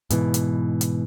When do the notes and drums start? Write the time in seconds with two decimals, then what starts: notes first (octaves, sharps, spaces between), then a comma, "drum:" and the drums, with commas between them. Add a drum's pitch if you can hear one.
0.10 G#2 B2 E3, drum: hi-hat
0.34 drum: hi-hat
0.81 drum: hi-hat